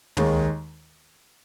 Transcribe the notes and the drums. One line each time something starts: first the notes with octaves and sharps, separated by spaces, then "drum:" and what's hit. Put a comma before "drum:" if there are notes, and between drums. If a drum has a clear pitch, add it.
D#2 D#3 G#3, drum: tom